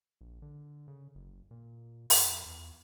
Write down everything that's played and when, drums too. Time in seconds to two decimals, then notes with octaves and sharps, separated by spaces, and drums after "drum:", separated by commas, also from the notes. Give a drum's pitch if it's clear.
0.21 A#1
0.42 D3
0.88 C#3
1.15 F#1
1.51 A#2
2.10 F2, drum: open hi-hat
2.46 E2